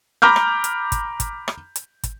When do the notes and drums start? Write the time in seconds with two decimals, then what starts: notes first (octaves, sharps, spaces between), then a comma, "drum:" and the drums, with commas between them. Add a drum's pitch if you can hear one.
0.22 A#5 B5 D6 F6 G6
0.36 drum: rim click
0.64 drum: hi-hat
0.92 drum: kick, hi-hat
1.20 drum: kick, hi-hat
1.48 drum: rim click
1.76 drum: hi-hat
2.03 drum: kick, hi-hat